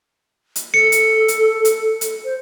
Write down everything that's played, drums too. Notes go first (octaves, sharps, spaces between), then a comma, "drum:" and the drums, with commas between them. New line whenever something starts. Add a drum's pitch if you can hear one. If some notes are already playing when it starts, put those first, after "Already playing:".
drum: hi-hat
A4 C#7
drum: hi-hat
drum: hi-hat
drum: hi-hat
drum: hi-hat
C5